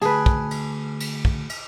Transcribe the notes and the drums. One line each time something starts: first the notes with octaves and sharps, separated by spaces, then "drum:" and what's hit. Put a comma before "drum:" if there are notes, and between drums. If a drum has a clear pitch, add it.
D2 G#4 B4 A5, drum: cymbal
drum: kick
drum: cymbal
drum: cymbal
drum: kick
drum: cymbal